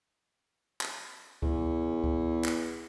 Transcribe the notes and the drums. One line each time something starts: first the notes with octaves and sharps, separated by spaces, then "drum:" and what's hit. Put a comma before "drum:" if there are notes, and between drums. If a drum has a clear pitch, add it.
drum: clap
E2, drum: kick C#2
drum: kick C#2
drum: clap